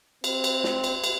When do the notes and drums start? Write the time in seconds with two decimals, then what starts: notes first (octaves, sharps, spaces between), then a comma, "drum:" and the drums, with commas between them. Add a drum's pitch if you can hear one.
0.24 C4, drum: cymbal
0.44 drum: cymbal
0.64 drum: snare
0.84 drum: cymbal
1.04 drum: cymbal